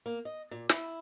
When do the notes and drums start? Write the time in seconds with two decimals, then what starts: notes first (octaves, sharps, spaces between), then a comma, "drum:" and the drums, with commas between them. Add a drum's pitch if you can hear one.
0.06 A#3
0.25 D#5
0.51 A#2
0.69 E4, drum: snare